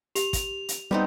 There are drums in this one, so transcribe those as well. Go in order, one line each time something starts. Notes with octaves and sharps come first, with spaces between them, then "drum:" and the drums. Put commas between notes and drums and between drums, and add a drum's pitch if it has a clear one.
G4 F7, drum: hi-hat
drum: kick, hi-hat
drum: hi-hat
G3 B3 C4 D#4